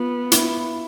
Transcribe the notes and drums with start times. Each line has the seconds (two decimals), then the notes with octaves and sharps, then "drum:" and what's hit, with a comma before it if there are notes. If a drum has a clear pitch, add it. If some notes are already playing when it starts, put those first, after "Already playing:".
Already playing: B3 F4
0.32 E4, drum: hi-hat